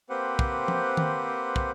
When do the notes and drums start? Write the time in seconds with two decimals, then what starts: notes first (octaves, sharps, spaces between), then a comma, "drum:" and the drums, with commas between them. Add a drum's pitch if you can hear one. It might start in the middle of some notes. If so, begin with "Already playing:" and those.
0.10 A#3 C4 G4 B4 C5 F#5
0.39 drum: kick
0.68 drum: tom F3
0.97 drum: tom D#3
1.56 drum: kick